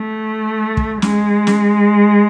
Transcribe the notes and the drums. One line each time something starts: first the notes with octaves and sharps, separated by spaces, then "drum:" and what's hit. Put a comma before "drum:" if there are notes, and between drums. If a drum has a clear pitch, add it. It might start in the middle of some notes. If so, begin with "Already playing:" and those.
Already playing: A3
drum: kick
G#3, drum: snare
drum: snare